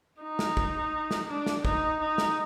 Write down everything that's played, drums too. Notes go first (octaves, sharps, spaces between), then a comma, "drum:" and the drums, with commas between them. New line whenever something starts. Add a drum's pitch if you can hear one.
D#4
drum: snare
drum: kick
drum: snare
D4
drum: snare
D#4, drum: kick
D#4
drum: snare